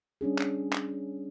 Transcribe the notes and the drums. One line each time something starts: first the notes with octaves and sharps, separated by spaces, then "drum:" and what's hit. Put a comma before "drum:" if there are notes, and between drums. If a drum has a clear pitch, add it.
G3 C#4 D4 G#4
drum: clap
drum: clap